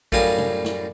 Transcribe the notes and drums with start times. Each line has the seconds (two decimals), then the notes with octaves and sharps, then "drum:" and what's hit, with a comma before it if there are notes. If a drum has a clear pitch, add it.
0.12 F#2 A2 G3 F5 G#5 D#6, drum: kick A#1, hi-hat
0.38 drum: tom C3
0.64 drum: snare